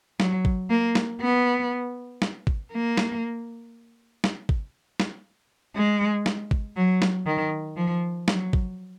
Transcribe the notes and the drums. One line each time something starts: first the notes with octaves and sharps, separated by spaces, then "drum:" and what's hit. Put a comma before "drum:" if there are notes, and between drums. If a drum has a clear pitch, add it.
F#3, drum: snare
drum: kick G#1
A#3
drum: snare
B3
drum: snare
drum: kick G#1
A#3
drum: snare
drum: snare
drum: kick G#1
drum: snare
G#3
drum: snare
drum: kick G#1
F#3
drum: snare
D#3
F3
F#3, drum: snare
drum: kick G#1